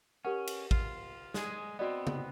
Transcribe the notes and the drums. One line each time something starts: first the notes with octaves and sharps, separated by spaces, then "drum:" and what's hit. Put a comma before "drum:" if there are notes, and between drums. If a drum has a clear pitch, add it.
C#4 G4 A#4 F#5
drum: cymbal
F4, drum: kick
G#3 G#4, drum: snare
B3 C4 F#4 D5 D#5
drum: tom C#3